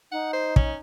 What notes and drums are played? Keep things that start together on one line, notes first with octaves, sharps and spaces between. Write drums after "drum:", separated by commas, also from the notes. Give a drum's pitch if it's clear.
D#4 F#5
C5
C#4, drum: kick